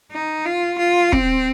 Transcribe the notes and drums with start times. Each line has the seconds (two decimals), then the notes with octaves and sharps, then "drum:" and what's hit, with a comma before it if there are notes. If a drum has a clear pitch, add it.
0.12 D#4
0.45 F4
0.78 F4
1.12 C4, drum: kick